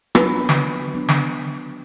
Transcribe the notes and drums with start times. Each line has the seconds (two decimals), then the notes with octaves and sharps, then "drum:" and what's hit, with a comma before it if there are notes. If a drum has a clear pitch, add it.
0.15 F#3 B3 D4 B4, drum: rim click
0.49 drum: snare
0.94 F#3 B3 D4
1.09 drum: snare